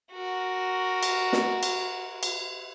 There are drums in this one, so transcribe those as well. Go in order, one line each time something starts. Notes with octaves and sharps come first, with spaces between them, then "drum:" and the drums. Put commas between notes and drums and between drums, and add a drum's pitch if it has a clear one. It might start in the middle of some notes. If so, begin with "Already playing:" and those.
F#4 A#4
drum: cymbal
drum: snare
drum: cymbal
drum: cymbal